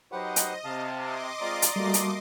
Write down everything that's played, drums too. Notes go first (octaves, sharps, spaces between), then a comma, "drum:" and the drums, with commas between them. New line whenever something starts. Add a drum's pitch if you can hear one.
F#3 D#4 G4 B4 C5 D#5 F#5
drum: hi-hat
C3 F5 A5
D#5 C6 D6
G#3 C4 F4 D5 A#5
drum: hi-hat
G3 A3 A#3 F#4
drum: hi-hat